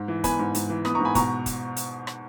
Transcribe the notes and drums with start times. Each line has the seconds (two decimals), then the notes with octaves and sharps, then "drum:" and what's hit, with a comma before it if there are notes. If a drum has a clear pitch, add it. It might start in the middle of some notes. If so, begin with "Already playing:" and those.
Already playing: G#2
0.08 E3
0.24 B3 G#5 B5, drum: kick, hi-hat
0.39 G#2
0.55 G#2, drum: hi-hat
0.70 E3
0.85 B3 B5 D#6, drum: rim click
0.95 G#2 A#5 C#6
1.05 G#5 B5
1.15 B2 A#5 C#6, drum: kick, hi-hat
1.46 drum: kick, hi-hat
1.76 drum: hi-hat
2.07 drum: rim click